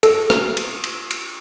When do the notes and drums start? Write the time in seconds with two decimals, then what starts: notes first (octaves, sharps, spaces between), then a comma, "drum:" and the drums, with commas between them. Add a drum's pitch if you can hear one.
0.03 A4, drum: cymbal
0.30 drum: rim click
0.57 drum: cymbal
0.84 drum: cymbal
1.11 drum: cymbal